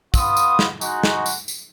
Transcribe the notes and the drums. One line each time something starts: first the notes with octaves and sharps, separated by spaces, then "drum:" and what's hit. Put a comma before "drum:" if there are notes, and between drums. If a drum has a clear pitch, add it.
B3 F4 D#6, drum: kick, tambourine
drum: tambourine
drum: snare
G#3 D#4 F#4, drum: tambourine
drum: snare
drum: tambourine
drum: tambourine